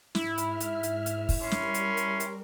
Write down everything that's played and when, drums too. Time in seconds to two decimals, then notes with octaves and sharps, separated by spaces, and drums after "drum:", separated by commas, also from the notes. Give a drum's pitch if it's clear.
0.15 G#2 E4 E5 F6, drum: snare
0.38 drum: hi-hat
0.60 drum: hi-hat
0.83 drum: hi-hat
1.06 drum: hi-hat
1.29 drum: kick, open hi-hat
1.41 G3 C#4 A#4 B5 C6
1.51 drum: snare
1.74 drum: hi-hat
1.97 drum: hi-hat
2.20 drum: hi-hat